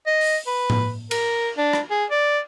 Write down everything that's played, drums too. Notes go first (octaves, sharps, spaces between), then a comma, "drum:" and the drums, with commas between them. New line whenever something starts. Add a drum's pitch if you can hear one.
D#5
drum: open hi-hat
B4
drum: tom A2
A#4, drum: cymbal
D4
drum: rim click
G#4
D5